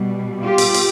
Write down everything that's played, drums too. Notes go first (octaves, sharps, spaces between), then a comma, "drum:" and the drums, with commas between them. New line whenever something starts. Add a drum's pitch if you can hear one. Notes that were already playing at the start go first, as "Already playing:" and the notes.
Already playing: B2 G3
F4 G4
drum: open hi-hat
drum: open hi-hat